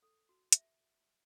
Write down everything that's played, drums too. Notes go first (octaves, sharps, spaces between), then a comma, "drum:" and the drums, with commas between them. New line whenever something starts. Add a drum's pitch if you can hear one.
A4
F#4
E5, drum: hi-hat